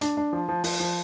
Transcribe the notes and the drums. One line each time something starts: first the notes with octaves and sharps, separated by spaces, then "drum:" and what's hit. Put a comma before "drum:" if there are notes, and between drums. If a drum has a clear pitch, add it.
D4, drum: hi-hat
D4
F3
F3
F3, drum: open hi-hat
F3